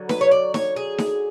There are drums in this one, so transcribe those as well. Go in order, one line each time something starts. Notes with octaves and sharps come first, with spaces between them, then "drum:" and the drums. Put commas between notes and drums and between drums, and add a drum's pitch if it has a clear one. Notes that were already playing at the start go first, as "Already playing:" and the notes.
Already playing: D3 F#3
B4, drum: snare D#4
C#5
D5
C#5, drum: snare D#4
G#4
drum: snare D#4